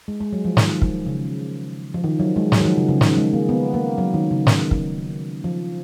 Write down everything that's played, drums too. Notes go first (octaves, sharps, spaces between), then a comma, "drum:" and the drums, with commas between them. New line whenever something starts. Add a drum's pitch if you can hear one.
G#3
G#3
F#3
F3
D#3, drum: snare
drum: kick
C#3
F3
D#3
F#3
G#3
F#3, drum: snare
D#3
F3
C#3
C#3
D#3, drum: snare
G#3
A#3
B3
A#3
F#3
D#3
C#3
D#3, drum: snare
drum: kick
F3